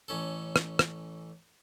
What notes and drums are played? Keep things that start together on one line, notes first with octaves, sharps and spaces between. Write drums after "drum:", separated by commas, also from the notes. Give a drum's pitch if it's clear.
A1 C#4 A4
drum: rim click
drum: rim click